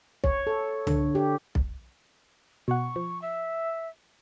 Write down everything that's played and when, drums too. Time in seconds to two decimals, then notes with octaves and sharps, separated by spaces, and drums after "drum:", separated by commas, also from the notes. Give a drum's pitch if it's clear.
0.24 C#5, drum: kick B1
0.47 A4
0.87 D3, drum: tom
1.15 G4
1.55 drum: kick B1
2.68 B2 F#5 C#6
2.96 F3
3.21 E5